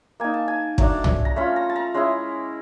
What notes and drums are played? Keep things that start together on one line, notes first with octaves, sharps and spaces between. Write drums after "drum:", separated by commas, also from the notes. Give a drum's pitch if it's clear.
A#3 D#4 G#5
A5
G#5
F#3 A3 D4, drum: kick
drum: tom C2
A#5
A3 C#4 F4 B5
A#5
A5
A#5
G#3 C#4 E4